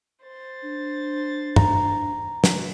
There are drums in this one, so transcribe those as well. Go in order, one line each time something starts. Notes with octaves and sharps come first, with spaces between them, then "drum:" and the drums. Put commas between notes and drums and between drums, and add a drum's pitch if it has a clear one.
C5 A6
D4
A#5, drum: tom
drum: snare